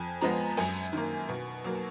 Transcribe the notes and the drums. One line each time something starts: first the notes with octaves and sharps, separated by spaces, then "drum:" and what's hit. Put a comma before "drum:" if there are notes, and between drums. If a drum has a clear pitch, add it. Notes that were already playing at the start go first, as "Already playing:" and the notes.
Already playing: F2 G#5
F3 G#3 B3 A#5, drum: hi-hat
F#2 G#5, drum: open hi-hat
D#3 A#3, drum: hi-hat
B2
F#3 A#3